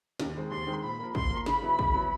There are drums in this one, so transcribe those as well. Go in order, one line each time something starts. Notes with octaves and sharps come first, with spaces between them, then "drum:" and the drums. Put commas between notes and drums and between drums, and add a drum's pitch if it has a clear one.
D#2, drum: snare
D#3 G#3 C4
D#2 C6
D#3 G#3 C4
A#2 B5
F3 A#3
A#2 C6, drum: kick
F3 A#3
C#3 B5, drum: snare
F#3 B3 E4
C#3, drum: kick
F#3 B3 E4